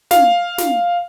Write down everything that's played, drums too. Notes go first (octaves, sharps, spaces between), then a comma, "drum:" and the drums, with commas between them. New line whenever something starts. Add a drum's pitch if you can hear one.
F5, drum: snare
drum: snare